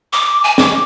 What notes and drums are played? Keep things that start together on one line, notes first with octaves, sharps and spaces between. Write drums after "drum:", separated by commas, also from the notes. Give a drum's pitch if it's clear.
D6
G#5
D6, drum: snare